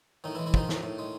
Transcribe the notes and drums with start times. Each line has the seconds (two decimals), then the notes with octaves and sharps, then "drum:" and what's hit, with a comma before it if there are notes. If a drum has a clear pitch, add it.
0.24 A2 D#3 D#4
0.35 E3 E4
0.39 G#3
0.46 E3 E4
0.54 D#3 F3 D#4, drum: kick
0.69 A2, drum: snare
0.83 A2
0.99 G#3